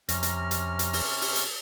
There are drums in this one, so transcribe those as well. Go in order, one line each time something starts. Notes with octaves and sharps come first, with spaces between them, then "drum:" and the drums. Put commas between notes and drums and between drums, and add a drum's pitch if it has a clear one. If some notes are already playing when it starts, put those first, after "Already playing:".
F2 C3 C#4 A#5 F6, drum: hi-hat
drum: hi-hat
drum: hi-hat
drum: hi-hat
drum: open hi-hat
drum: open hi-hat
drum: hi-hat